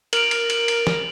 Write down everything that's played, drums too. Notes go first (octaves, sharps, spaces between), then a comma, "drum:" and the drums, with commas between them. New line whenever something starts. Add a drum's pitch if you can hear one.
A#4 D7 F7 F#7, drum: cymbal
drum: cymbal
drum: cymbal
drum: cymbal
drum: snare